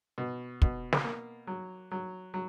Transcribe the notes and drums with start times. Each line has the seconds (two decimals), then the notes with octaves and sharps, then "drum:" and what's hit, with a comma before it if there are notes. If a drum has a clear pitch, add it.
0.18 B2
0.62 B2, drum: kick
0.93 drum: snare
1.04 A#3
1.47 F#3
1.91 F#3
2.34 F#3